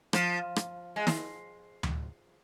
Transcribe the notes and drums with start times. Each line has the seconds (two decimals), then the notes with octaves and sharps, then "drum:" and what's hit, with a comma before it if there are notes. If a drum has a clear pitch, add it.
0.13 F3, drum: rim click
0.56 drum: rim click
0.96 G#3
1.07 drum: snare
1.83 drum: tom D2